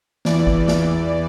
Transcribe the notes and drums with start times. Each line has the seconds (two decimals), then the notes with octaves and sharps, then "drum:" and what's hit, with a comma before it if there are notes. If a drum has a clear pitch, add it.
0.25 E2 E3 D5, drum: snare
0.47 drum: kick
0.68 drum: snare